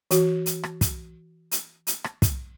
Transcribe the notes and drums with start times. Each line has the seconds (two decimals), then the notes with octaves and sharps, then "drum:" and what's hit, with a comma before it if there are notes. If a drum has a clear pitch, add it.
0.11 E3 F#4, drum: hi-hat
0.46 drum: hi-hat
0.63 drum: rim click
0.81 drum: kick, hi-hat
1.52 drum: hi-hat
1.87 drum: hi-hat
2.04 drum: rim click
2.22 drum: kick, hi-hat